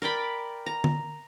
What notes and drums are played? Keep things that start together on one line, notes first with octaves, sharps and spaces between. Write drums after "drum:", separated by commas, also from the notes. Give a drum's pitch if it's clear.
A#4 D5 G5 B5
A#5
drum: tom D3